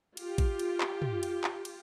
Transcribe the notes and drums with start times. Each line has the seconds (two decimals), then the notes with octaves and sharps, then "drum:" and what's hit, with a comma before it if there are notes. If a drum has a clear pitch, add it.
0.17 F4 G4, drum: cymbal
0.38 drum: kick, cymbal
0.59 drum: cymbal
0.81 drum: clap
1.02 drum: tom
1.23 drum: cymbal
1.44 drum: clap
1.65 drum: cymbal